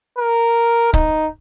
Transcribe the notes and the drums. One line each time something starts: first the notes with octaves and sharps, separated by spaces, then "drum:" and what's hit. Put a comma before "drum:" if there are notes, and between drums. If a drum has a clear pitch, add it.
A#4
D#4, drum: kick C#1